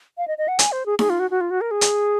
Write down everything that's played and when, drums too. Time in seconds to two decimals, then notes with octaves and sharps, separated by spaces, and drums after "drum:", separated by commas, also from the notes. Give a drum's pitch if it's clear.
0.18 F5
0.28 D#5
0.38 D#5
0.48 F#5
0.59 G#5, drum: hi-hat
0.72 C5
0.86 G#4
0.99 G#4, drum: snare D#4
1.10 F4
1.20 F#4
1.31 F#4
1.41 F4
1.51 F#4
1.61 A#4
1.71 G#4
1.81 drum: hi-hat